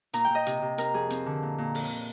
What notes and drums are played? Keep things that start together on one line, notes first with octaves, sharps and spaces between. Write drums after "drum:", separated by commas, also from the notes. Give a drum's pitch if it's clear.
A#2 A#5, drum: hi-hat
A#2 G5
D#5
C3, drum: hi-hat
C3
C4 A#4, drum: hi-hat
F2 G#4
C4, drum: hi-hat
D3
A#2
A#2
drum: open hi-hat